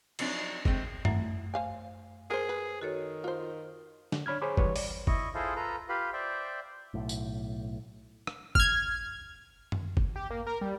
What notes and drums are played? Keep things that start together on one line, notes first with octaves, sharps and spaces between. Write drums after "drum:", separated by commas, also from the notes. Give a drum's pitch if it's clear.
F3 F#3 C4 D4 D#4, drum: cymbal
G#3 A3 C4, drum: kick F#1
F#2 A3 E4 F#5, drum: tom
C5 F5 G#5
G#4 A#4 C5
B4
D#3 F#4 A4 C#5
F4 C5
D3, drum: snare
D4 C#5 B5 F6 G#6
G#4 C5 C#5 B5 D6
E3 G3 B4 C#5, drum: kick F#1
D5, drum: open hi-hat
E4 D#5 C#6, drum: kick F#1
E4 F4 G#4 A4 C5 F5
F4 A4 B4 A#5
F4 G4 B4 F5 B5
C5 D5 E5 G5
B1 A2
drum: tambourine
drum: rim click
F6 G#6, drum: kick F#1
drum: tom F#2
drum: kick F#1
G4
A#3
A#4
G3